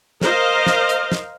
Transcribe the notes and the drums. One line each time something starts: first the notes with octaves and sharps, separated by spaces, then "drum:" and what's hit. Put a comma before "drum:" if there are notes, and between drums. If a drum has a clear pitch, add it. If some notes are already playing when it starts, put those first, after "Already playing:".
A#4 C5 D#5 F5, drum: snare
drum: snare
drum: hi-hat
drum: snare